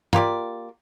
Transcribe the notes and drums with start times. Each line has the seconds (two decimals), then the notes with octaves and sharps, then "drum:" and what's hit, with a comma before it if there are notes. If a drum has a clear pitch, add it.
0.13 A#3 F4 G4 D5, drum: tom